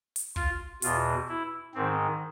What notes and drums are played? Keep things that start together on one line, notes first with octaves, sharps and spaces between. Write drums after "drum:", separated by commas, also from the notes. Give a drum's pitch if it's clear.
drum: hi-hat
F4, drum: kick
E2 B2 F4, drum: hi-hat
E4
G#2 D#3 C4